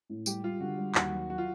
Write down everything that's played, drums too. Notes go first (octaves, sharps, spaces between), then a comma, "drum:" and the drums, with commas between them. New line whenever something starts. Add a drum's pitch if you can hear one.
A2
G3 G4, drum: tambourine
G3 F4
D3 F#4
G3
D#2 F#4, drum: clap
F#3
F#3 F#4
F4